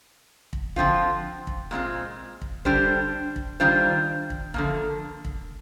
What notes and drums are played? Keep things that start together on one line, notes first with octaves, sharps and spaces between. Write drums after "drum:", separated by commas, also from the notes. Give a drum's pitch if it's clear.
drum: kick
D3 F3 C4 F4, drum: kick
drum: kick
A#2 G#3 C4 F4
drum: kick
D3 G3 D4 G4 C5, drum: kick
drum: kick
D#3 G3 D4 F4 C5
drum: kick
D3 F3 A#3, drum: kick
drum: kick